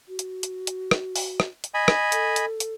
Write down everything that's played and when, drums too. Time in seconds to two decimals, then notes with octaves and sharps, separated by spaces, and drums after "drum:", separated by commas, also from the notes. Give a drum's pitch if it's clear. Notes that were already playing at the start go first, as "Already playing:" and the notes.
0.08 F#4
0.19 drum: hi-hat
0.43 drum: hi-hat
0.67 drum: hi-hat
0.91 drum: rim click
1.16 drum: open hi-hat
1.40 drum: rim click
1.64 drum: hi-hat
1.74 D#5 G#5 B5
1.88 drum: rim click
2.12 A4, drum: hi-hat
2.36 drum: hi-hat
2.60 drum: hi-hat